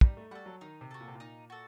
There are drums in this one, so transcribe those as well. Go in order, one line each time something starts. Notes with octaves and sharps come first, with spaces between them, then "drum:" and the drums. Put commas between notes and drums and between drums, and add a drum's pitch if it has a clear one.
G3 D#4, drum: kick
A3
G3 F#4 A4
F#3
D#3 D#4
C3
F#4 A4
A#2
C3
A#2 D#4
F#4 A4